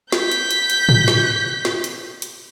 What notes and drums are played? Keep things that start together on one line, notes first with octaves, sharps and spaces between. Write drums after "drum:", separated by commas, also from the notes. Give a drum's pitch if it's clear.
G6 B6, drum: snare
drum: hi-hat
drum: hi-hat
drum: hi-hat
drum: tom G#2
drum: snare
drum: snare
drum: hi-hat
drum: hi-hat